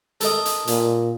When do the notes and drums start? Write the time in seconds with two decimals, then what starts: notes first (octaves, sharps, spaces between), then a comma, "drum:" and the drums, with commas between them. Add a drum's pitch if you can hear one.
0.21 A4 A#4 D#5, drum: hi-hat
0.46 drum: hi-hat
0.67 A#2, drum: hi-hat